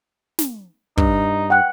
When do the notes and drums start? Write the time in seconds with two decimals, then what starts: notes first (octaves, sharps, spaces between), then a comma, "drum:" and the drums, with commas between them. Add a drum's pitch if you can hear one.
0.39 drum: snare
0.98 G2 D#4, drum: kick
1.50 F#5 G5 F#6